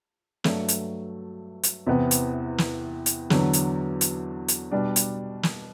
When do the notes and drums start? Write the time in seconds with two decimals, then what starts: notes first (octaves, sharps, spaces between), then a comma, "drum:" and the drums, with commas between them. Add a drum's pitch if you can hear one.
0.44 G2 F#3 A3 D4, drum: snare
0.68 drum: hi-hat
1.63 drum: hi-hat
1.87 E2 C3 E3 B3
2.11 drum: hi-hat
2.58 drum: snare
3.06 drum: hi-hat
3.30 E2 D3 F#3, drum: snare
3.53 drum: hi-hat
4.01 drum: hi-hat
4.48 drum: hi-hat
4.71 B2 G3 D4
4.96 drum: hi-hat
5.43 drum: snare